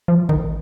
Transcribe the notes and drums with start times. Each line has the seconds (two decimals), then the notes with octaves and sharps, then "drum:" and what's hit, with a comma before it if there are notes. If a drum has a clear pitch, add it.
0.08 F3
0.29 D#3, drum: kick G#1